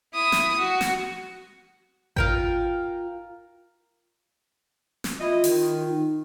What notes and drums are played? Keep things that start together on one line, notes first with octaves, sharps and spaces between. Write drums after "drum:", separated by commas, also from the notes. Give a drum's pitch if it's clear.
E4 D#6
drum: snare
F#4
drum: snare
F4 A#4 G5, drum: kick G#1
drum: snare
E4 F4 D#5
D#3, drum: open hi-hat
F4
D#4